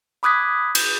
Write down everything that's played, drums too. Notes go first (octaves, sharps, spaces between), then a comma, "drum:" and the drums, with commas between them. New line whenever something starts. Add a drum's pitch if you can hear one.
B5 D6 D#6 F#6 G#6 B6
G6, drum: cymbal